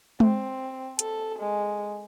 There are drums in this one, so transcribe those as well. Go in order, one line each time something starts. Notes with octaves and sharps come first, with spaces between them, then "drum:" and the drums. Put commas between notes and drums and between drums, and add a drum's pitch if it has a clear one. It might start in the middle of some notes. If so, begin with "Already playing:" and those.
C4, drum: tom G#3
A4, drum: hi-hat
G#3